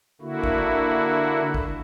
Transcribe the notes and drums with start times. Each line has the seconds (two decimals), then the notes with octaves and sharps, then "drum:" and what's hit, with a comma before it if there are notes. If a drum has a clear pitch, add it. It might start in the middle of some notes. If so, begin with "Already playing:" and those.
0.21 D3 A#3 E4 F#4
0.44 drum: kick
1.54 drum: kick